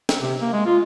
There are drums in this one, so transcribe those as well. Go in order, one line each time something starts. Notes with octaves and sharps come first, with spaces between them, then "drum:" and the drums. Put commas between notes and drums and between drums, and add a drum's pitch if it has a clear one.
drum: snare
C3
A#3
G#3
F4